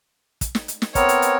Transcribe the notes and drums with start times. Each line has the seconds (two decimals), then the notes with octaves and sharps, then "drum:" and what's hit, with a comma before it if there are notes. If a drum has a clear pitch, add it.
0.41 drum: kick, hi-hat
0.55 drum: snare
0.68 drum: hi-hat
0.82 drum: snare
0.95 B3 C4 A#4 C#5, drum: kick, hi-hat
1.09 drum: hi-hat
1.22 drum: hi-hat